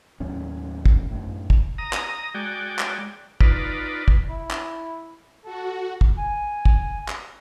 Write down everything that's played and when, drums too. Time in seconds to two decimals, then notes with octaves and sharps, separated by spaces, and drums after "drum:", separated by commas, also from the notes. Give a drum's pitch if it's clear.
0.20 D#2 A2 F#3 C#4
0.86 drum: kick
1.11 F#2 A2
1.50 drum: kick
1.78 A#5 D#6
1.93 drum: clap
2.34 G#3 F#4 D5 G5
2.79 drum: clap
3.41 D#4 F4 B4 D5, drum: kick
4.08 drum: kick
4.29 E4
4.51 drum: clap
5.45 F#4 A4
6.01 drum: kick
6.18 G#5
6.65 drum: kick
7.08 drum: clap